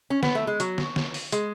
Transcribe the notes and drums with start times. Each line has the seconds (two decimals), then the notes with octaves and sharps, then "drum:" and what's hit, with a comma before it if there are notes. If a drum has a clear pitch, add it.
0.10 C#4
0.23 B3, drum: snare
0.35 A3
0.47 G#3
0.60 F#3, drum: hi-hat
0.78 drum: snare
0.96 drum: snare
1.14 drum: open hi-hat
1.32 G#3, drum: hi-hat